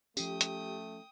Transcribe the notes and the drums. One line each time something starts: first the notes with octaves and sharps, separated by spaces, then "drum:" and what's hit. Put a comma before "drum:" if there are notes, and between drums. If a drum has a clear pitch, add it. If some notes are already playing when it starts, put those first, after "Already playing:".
F3 A3 C#4 G4 G5 D#6, drum: tambourine
drum: hi-hat